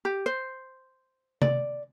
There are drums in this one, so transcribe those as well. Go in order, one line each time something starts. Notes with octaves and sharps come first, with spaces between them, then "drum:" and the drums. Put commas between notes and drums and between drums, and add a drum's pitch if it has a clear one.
G4
C5
D5, drum: tom C3